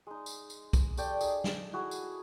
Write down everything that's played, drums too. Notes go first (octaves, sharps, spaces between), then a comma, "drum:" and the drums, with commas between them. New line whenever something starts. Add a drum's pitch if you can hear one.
G#3 D#4
drum: tambourine
drum: tambourine
drum: kick, tambourine
A3 G4 D5 G5, drum: tambourine
D#4 G#4, drum: tambourine
drum: snare
E4 F#4 G#4
drum: tambourine